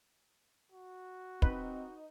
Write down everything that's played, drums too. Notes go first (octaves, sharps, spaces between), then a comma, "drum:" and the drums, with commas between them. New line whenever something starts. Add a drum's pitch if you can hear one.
F#4
C4 D#4 B4, drum: kick